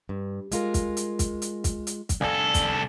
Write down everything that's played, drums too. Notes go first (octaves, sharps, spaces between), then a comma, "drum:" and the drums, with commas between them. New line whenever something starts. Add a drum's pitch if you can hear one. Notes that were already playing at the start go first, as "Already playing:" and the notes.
G2
G#3 F4 A#4, drum: hi-hat
drum: kick, hi-hat
drum: hi-hat
drum: kick, hi-hat
drum: hi-hat
drum: kick, hi-hat
drum: hi-hat
drum: kick, hi-hat
C2 D4 A4 F5 G#5
drum: kick, hi-hat